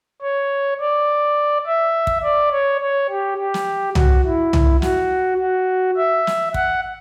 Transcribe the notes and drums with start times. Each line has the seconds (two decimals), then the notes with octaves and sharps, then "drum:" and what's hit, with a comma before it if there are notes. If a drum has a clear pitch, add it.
0.22 C#5
0.80 D5
1.67 E5
2.07 drum: kick
2.23 D5
2.53 C#5
2.81 C#5
3.10 G4
3.38 G4
3.54 drum: snare
3.95 F#4, drum: tom C2
4.25 E4
4.53 drum: tom C2
4.82 F#4, drum: snare
5.39 F#4
5.97 E5
6.27 drum: snare
6.54 F#5, drum: kick